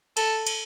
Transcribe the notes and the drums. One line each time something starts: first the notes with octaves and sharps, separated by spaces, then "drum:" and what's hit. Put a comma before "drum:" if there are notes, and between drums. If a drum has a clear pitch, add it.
A4, drum: cymbal
drum: cymbal